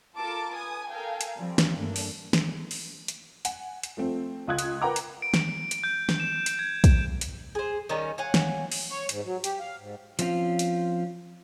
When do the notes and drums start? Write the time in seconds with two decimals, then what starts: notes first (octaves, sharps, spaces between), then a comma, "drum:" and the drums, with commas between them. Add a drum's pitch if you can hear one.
0.16 F4 A4 A#4 A5 D6
0.54 B4 G#5 D#6
0.92 A4 A#4 F5 G5 G#5
1.21 drum: hi-hat
1.37 F3 G3 C4
1.58 drum: snare
1.76 G2 A3 A#3 D4
1.96 drum: open hi-hat
2.33 drum: snare
2.71 drum: open hi-hat
3.08 drum: hi-hat
3.45 F#5 G#5, drum: hi-hat
3.83 drum: hi-hat
3.97 F3 A3 C4
4.47 C#2 F4 D#6 F#6 G#6
4.59 drum: hi-hat
4.82 A#4 B4 F#5 G5 A#5 D6
4.96 drum: hi-hat
5.22 D7
5.34 drum: snare
5.71 drum: hi-hat
5.84 G6
6.09 drum: snare
6.20 E7
6.46 drum: hi-hat
6.59 G#6
6.84 drum: kick, hi-hat
7.21 drum: hi-hat
7.55 G#4 C5
7.89 D#3 G3 C#4 A#5
8.18 C#5 F5 F#5 G#5
8.34 drum: snare
8.72 drum: open hi-hat
8.90 C#5
9.09 G#2, drum: hi-hat
9.24 F#3
9.44 G4, drum: hi-hat
9.60 F5
9.78 G#2
10.19 F3 C4 C#4 F4, drum: hi-hat
10.59 drum: hi-hat